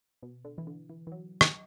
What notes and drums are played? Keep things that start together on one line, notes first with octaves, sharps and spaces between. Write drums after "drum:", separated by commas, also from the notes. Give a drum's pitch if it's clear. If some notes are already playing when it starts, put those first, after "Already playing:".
B2
D3
E3
D3
E3
E3
F#3
drum: rim click